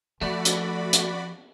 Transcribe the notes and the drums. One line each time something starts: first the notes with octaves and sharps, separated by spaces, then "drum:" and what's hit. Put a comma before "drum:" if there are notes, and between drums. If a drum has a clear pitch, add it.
F3 A3 F#4 D5 B5
drum: hi-hat
drum: hi-hat